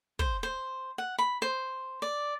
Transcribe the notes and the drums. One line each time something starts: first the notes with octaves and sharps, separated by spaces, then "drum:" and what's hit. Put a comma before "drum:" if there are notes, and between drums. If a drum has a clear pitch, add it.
C5, drum: kick
C5
F#5
B5
C5
D5